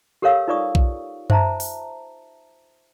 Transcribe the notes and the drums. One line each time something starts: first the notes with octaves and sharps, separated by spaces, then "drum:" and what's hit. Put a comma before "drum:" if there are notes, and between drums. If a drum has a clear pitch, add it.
G4 A4 A#4 C#5 F5 E6
D#4 F4 B4 D5 C#6 D#6
drum: kick B1
C5 E5 A5 A#5, drum: tom F#2
drum: open hi-hat